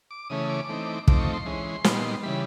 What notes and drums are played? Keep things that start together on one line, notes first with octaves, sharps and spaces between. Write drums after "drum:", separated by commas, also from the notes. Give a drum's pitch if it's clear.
D6
C#3 E3 A3 C#4 D#6
D6
E3 A3 C4 D#4
F3 A3 C4 D#4 D6, drum: kick
C#6
C6
E3 G#3 C#4
A#2 G3 B3 D#4, drum: snare
C#3 E3 G3 B5